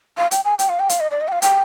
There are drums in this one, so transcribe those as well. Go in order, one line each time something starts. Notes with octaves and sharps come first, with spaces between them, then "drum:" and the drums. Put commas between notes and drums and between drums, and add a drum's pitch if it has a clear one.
F5
G5, drum: hi-hat
G#5
G5, drum: hi-hat
F5
G5
F5, drum: hi-hat
D#5
D5
D#5
G5
F5
G5, drum: hi-hat